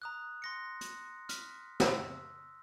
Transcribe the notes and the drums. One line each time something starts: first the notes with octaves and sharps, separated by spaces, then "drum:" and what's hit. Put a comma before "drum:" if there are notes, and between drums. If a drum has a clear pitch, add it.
A#5 D#6 F#6
C6 A#6 C#7
drum: hi-hat
F6 B6, drum: hi-hat
E6, drum: snare